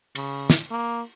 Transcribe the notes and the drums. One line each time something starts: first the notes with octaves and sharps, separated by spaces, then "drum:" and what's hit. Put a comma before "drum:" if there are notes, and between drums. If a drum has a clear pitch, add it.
C#3, drum: cymbal
drum: snare
A#3